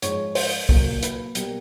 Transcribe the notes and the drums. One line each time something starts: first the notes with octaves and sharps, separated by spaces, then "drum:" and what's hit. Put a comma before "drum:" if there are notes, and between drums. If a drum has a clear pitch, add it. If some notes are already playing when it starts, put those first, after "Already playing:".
G#2 F3 G#3 C#5, drum: hi-hat
C5, drum: open hi-hat
A#2 F#3 A#3, drum: kick
B4, drum: hi-hat
B2 G3 A#3, drum: hi-hat